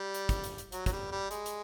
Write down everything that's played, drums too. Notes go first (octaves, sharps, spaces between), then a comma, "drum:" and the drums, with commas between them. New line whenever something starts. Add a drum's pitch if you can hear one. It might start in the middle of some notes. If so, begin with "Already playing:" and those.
Already playing: G3
drum: hi-hat
drum: kick, hi-hat
drum: hi-hat
drum: hi-hat
F#3, drum: hi-hat
F#3, drum: kick, hi-hat
G3
G3
G#3, drum: hi-hat
drum: hi-hat